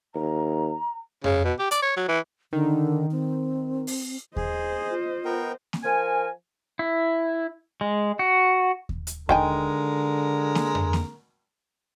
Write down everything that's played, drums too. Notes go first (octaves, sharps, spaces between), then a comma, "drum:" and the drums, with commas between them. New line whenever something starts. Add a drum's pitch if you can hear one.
D#2 A#5
C#3, drum: tom F2
B2
G4
D5, drum: hi-hat
C#5
F#3
E3
D3 D#3
C4
drum: open hi-hat
G#4 C5 D#5, drum: kick D#2
F4
B3 A#4 G5
drum: snare A#3
F3 A#4 G#5
E4
G#3
F#4
drum: kick D#2
drum: hi-hat
D3 D#3 G#3 A#4 G5 G#5, drum: kick D#2
drum: snare A#3
drum: tom F2
drum: snare A#3